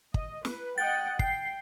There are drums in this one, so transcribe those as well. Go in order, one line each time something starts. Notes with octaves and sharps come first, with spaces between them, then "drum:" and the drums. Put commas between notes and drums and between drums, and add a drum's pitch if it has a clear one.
D#5, drum: kick
B4, drum: snare
D#5 F#5 G5 A6
G5 C7, drum: kick